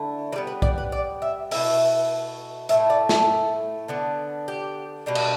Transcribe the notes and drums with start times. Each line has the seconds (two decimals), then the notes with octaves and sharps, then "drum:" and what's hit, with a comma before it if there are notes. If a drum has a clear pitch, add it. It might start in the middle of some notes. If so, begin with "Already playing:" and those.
Already playing: D3 A3 E4
0.32 E3 D5
0.36 G3 B3
0.47 B4
0.62 D5, drum: kick
0.78 B4
0.92 D5
1.22 E5
1.51 B2 A3 E4 E5, drum: open hi-hat
2.69 A2 A3 E4 E5, drum: hi-hat
2.90 D5
3.09 A4, drum: snare
3.88 D3 B3 D4
4.48 G4
5.06 B2 G3 D4
5.15 drum: cymbal